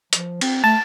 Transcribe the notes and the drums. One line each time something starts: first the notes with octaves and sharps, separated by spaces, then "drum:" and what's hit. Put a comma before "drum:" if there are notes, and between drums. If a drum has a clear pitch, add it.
F3, drum: hi-hat
C4, drum: cymbal
A3 A5